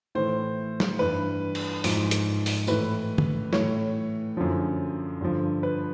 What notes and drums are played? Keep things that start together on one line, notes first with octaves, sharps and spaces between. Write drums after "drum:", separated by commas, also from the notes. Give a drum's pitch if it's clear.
A2 E3 C5
drum: snare
G2 E3 B4
drum: cymbal
G#2 F3, drum: open hi-hat
drum: hi-hat
drum: open hi-hat
A2 E3 B4, drum: tambourine
drum: tom
A2 E3 C#5, drum: snare
F#2 D3 F3
G2 D3 F3
B4